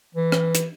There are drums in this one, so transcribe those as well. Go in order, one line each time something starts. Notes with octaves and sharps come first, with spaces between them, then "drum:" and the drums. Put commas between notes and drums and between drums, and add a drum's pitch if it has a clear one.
E3
drum: rim click
drum: hi-hat